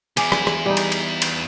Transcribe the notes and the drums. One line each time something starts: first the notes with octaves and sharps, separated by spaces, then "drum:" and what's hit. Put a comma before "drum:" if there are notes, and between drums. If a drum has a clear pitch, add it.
E2 E4 G#4 D5, drum: cymbal
drum: rim click
drum: rim click
G3 D#4
drum: cymbal
drum: cymbal
drum: cymbal